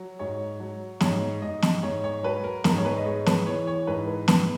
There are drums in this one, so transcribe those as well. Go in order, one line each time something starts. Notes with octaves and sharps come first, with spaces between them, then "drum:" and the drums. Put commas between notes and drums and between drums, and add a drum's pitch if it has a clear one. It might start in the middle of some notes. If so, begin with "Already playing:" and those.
Already playing: F#3
G#2 C#5
F#3
G#2 C#5, drum: snare
G#2 D#5
drum: snare
G#2 C#5
C#5
F#3 B4
A#4
G#2 A#4, drum: snare
C#5
B4
D#5
G#3 C#5
B4, drum: snare
E3 C#5
C#5
G#2 B4
B4
G#2 B4, drum: snare